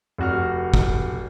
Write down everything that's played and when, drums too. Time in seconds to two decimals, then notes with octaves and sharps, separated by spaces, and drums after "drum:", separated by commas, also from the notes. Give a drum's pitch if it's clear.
0.18 F1 F#4 F6
0.74 drum: kick